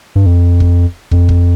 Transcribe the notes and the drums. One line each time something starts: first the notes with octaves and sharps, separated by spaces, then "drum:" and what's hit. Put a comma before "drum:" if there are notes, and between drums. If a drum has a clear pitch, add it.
G2
F2
drum: kick
F2, drum: kick
drum: kick